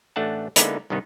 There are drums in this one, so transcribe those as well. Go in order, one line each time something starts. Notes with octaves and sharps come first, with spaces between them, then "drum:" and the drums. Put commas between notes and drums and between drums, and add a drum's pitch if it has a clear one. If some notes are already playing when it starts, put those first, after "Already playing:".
A1 A3 D4 F#5 A5
D3 G#3 A#3 B3 D#4 E4, drum: hi-hat
C2 G2 D#3 B3 D#4